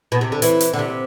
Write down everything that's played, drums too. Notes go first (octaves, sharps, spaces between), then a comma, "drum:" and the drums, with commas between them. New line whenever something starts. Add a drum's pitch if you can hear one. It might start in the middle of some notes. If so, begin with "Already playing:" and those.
B2
C3
D3
E3, drum: hi-hat
drum: hi-hat
D3
C3